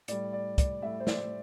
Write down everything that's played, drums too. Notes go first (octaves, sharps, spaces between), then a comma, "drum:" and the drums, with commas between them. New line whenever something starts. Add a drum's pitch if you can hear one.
A2 G3 D5, drum: hi-hat
D5
D5, drum: kick, hi-hat
A2 G3 E5
C5
D5, drum: snare